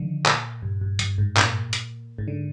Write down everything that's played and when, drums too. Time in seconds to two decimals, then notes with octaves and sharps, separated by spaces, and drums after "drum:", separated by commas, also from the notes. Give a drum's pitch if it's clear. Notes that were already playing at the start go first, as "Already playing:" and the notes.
Already playing: D3 D#3 F3
0.26 A#2, drum: clap
0.62 G2
0.81 G2
0.99 G2, drum: hi-hat
1.18 G#2
1.37 A#2, drum: clap
1.73 drum: hi-hat
2.18 G#2
2.28 D3